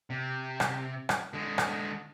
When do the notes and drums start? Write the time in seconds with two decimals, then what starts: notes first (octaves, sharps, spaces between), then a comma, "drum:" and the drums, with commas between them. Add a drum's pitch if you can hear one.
0.10 C3
0.60 drum: rim click
1.09 drum: rim click
1.33 D3 G#3
1.58 drum: rim click